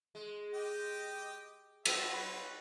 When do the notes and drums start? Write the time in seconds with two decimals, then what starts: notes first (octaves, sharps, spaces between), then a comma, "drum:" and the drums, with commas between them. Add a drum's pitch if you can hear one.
0.15 G#3
0.54 G4 D#5 G5
1.85 F#3 B3 F4 C#5 E5 A5, drum: cymbal
2.13 B4 C#5